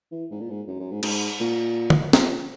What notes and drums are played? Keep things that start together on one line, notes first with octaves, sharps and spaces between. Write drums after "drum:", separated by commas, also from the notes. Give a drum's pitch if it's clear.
E3
G#2
A#2
G#2
F#2
F#2
G#2
G#2, drum: cymbal
A#2
drum: tom
A#2, drum: snare